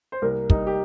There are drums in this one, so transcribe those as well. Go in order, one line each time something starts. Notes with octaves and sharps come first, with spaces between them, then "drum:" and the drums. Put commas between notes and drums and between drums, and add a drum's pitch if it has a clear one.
C5
C2 A#3 A#4
G3 D#4, drum: kick
G4